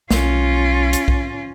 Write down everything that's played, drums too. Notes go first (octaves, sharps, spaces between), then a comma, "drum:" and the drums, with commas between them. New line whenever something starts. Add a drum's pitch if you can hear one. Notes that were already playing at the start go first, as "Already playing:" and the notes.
B1 C#4 F4, drum: snare
drum: hi-hat
drum: kick B1